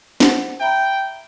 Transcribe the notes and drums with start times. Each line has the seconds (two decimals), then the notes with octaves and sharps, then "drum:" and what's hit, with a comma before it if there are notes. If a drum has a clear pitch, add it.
0.20 C5 F#5, drum: snare
0.61 E5 G5 A#5 B5